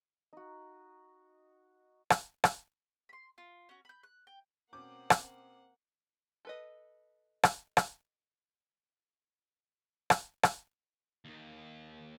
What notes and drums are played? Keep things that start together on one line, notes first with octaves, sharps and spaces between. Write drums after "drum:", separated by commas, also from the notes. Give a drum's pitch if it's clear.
D#4 F#4
drum: rim click
drum: rim click
B5 C6
F4
C#4 F#4
B5 G6
F#6
G5
B2 A#3 C4 C#4 F#5 D6 G6
drum: rim click
A4 B4 D#5
drum: rim click
drum: rim click
drum: rim click
drum: rim click
D#2 D#3